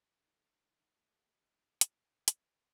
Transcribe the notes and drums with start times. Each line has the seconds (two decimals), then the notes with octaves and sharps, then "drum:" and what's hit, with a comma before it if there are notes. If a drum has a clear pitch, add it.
0.19 D#3
0.35 A3
0.50 E4
0.65 D#3
0.80 D#3
0.96 A3
1.12 G4
1.27 A3
1.43 D#4
1.81 drum: hi-hat
2.28 drum: hi-hat